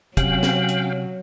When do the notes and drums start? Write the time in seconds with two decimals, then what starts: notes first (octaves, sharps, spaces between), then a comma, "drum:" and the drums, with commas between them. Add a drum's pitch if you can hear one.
0.17 C3 F#3 C#4 F5 G5 F#7, drum: kick, hi-hat
0.43 drum: snare
0.69 drum: hi-hat